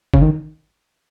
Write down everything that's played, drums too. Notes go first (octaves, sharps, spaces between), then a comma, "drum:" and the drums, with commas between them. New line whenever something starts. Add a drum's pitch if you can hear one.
C#3, drum: kick
D#3